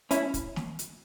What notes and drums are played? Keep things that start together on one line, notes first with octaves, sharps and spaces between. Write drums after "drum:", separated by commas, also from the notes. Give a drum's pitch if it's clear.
C#4 E4, drum: hi-hat
drum: kick, hi-hat
drum: snare
drum: hi-hat